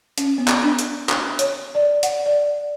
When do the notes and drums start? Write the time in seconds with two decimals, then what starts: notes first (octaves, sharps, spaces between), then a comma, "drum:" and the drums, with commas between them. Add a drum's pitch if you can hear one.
0.18 C#4, drum: hi-hat
0.38 B3
0.48 drum: clap
0.63 D4
0.79 drum: hi-hat
1.09 drum: clap
1.39 C#5, drum: hi-hat
1.75 D5
2.03 F#5, drum: hi-hat
2.26 D5